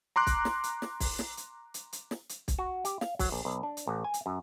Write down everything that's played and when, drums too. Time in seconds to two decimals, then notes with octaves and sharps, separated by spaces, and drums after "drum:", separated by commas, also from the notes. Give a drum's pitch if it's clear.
0.16 A#5 C6 D6 F#6
0.27 drum: kick, hi-hat
0.45 drum: snare
0.64 drum: hi-hat
0.82 drum: snare
1.00 drum: kick, open hi-hat
1.19 drum: snare
1.37 drum: hi-hat
1.74 drum: hi-hat
1.93 drum: hi-hat
2.11 drum: snare
2.29 drum: hi-hat
2.48 drum: kick, hi-hat
2.58 F#4
2.85 G4, drum: hi-hat
3.01 F5, drum: snare
3.19 F#3, drum: kick, open hi-hat
3.32 A#1
3.45 B1
3.63 D4
3.77 drum: hi-hat
3.87 A1
4.04 G#5
4.14 drum: hi-hat
4.26 F#2